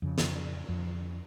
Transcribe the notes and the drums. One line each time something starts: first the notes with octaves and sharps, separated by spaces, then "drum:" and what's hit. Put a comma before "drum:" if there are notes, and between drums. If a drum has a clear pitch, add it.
F2 C#3
drum: snare
F2